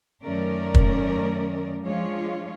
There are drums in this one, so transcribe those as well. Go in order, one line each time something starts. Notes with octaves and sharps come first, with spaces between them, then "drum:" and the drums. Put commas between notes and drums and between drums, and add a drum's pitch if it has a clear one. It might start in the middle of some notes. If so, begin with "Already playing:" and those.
F#2 D#3 A3 C#4 A#4 D5
drum: kick
F3 G#3 D4 F4 C#5